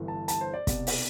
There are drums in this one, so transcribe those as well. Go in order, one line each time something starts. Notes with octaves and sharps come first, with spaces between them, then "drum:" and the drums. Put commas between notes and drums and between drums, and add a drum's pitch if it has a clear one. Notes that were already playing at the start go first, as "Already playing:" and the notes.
Already playing: G1 G2 E3
A5
A5, drum: hi-hat
C5
D5
C2 B2 G3, drum: kick, hi-hat
drum: open hi-hat